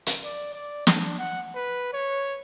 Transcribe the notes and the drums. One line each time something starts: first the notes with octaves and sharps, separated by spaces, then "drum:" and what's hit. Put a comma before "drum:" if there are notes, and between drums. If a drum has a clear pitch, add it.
drum: hi-hat
D5
D5
D4, drum: snare
F#5
B4
C#5